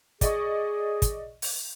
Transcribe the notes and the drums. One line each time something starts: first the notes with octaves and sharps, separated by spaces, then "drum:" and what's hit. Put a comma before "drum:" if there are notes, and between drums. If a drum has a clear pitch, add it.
G#4 D5 D#5 C#6, drum: kick, hi-hat
drum: kick, hi-hat
drum: open hi-hat